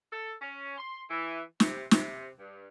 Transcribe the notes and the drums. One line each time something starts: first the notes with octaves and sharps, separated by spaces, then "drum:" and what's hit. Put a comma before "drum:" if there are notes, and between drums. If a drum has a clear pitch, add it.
A4
C#4
C6
E3
C3, drum: snare
C3, drum: snare
G2